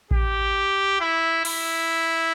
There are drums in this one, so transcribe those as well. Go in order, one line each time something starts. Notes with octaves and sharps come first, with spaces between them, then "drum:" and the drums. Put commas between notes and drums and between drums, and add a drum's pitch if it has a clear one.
G4, drum: kick A1
E4
E4, drum: cymbal